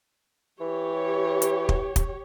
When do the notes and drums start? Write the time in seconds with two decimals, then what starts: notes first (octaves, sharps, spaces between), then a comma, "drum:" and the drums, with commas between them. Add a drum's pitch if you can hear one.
0.61 E3 G4 C#5
1.42 drum: hi-hat
1.69 drum: kick
1.96 drum: kick, hi-hat